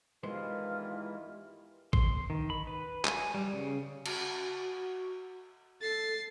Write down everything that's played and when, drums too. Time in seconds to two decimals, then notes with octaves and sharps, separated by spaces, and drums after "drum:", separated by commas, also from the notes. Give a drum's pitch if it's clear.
0.23 G2 D#3 E3 G#3 B3 F4 C5
1.93 C6, drum: kick A1
2.30 D#3
2.50 B5
2.67 B4
3.05 G#5, drum: clap
3.34 G3
3.53 C#3
4.06 F#4, drum: cymbal
5.81 A4 A6 C7